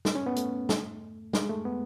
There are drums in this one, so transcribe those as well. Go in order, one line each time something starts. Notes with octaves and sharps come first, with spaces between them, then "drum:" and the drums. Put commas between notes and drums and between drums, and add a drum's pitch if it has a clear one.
drum: snare
C#4
B3
A3, drum: hi-hat
drum: snare
G#3, drum: snare
A3
B3